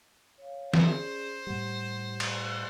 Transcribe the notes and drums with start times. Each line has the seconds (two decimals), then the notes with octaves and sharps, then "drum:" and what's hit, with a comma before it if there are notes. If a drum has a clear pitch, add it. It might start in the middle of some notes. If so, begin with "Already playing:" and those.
0.38 C#5 F5
0.74 C#4 G#4 C5 D5, drum: snare
1.47 A2 G3 G4 F#5 C6
2.20 drum: cymbal